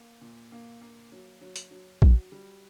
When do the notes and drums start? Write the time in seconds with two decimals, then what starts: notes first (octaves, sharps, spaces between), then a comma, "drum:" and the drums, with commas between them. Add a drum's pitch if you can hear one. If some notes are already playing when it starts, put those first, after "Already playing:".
Already playing: A#3
0.21 A#2
0.52 A#3
0.82 A#3
1.12 F#3
1.41 F#3
1.56 drum: hi-hat
1.71 F#3
2.02 F#4, drum: kick A#1
2.32 G3